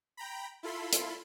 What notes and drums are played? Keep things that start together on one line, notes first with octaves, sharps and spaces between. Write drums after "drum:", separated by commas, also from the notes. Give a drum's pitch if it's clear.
G5 A#5 B5
E4 F4 A4 B5 C6
drum: hi-hat